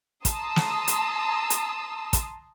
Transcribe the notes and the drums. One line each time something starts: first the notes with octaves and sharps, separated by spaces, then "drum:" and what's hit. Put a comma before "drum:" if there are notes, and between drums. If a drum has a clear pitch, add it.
A5 A#5 C6 D#6 E6, drum: kick, hi-hat
drum: snare
drum: hi-hat
drum: hi-hat
drum: kick, hi-hat